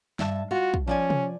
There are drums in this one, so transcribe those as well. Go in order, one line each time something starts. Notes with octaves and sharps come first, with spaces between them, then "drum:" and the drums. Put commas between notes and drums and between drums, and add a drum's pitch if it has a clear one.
G2 E5 A5, drum: snare
F4 F#4
drum: kick
F3 C#4 D5 G#5
drum: tom C3